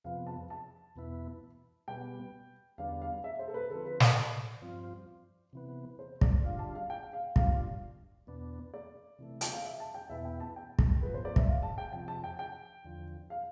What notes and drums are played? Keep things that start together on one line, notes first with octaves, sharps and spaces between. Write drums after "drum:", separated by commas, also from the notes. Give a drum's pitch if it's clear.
F2 C3 F3 B3 F5
A5
A5
E2 B2 B3 E4
B2 G3 B3 G5
E2 D3 G3 B3 D4 F5
F5
E5
C5
A4
B4
D3 F3 C4 A4
B4
C5, drum: snare
D5
G2 F3 C4 F4
C3 E3 B3
C5
D5, drum: kick
D3 G3 D4 F4 F5
A5
F5
G5
F5
B2 G3 D4 F4 F5, drum: kick
E2 B2 B3 D4
D5
C3 E3 A3
G5, drum: hi-hat
F5
E5
A5
G5
E2 B2 B3 E4 E5
G5
A5
G5
drum: kick
G2 F3 B3 B4
C5
D5
E5, drum: kick
F5
A5
G5
F2 C3 F3 G5
A5
G5
G5
E2 D3 F3
F5